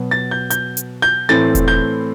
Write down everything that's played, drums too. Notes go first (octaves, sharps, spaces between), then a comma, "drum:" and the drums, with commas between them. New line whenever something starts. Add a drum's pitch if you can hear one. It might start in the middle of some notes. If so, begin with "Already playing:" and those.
Already playing: B2 F#3 B3
A6
G6
G6, drum: hi-hat
drum: hi-hat
G6
A2 E3 A3 C4 A6
drum: kick E1, hi-hat
G6